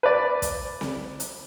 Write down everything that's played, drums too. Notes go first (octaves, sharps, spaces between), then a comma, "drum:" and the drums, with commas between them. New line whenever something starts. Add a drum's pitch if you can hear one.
B4 D5
drum: kick, hi-hat
drum: snare C4
drum: hi-hat